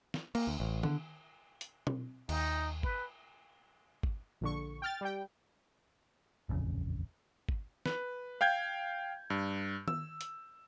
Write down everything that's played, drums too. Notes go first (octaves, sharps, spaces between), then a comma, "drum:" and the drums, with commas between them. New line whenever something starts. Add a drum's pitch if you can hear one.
drum: snare
A#3, drum: cymbal
D2
A1
D3, drum: tom D#3
drum: hi-hat
drum: tom
D#2 D#4, drum: cymbal
B4, drum: kick G#1
drum: kick G#1
A#1 D3 C#6
G5 F6 A6
G3 G5
D#1 A1 F2 C#3
drum: kick G#1
B4, drum: snare
F5 G5 G6 G#6
G2
E6, drum: tom D#3
drum: hi-hat